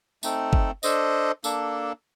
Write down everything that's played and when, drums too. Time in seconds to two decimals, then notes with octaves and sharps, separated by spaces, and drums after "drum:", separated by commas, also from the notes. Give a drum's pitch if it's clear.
0.23 A3 C4 D#4 A4, drum: tambourine
0.53 drum: kick
0.83 D4 A4 C5 D#5, drum: tambourine
1.44 A#3 D4 A4, drum: tambourine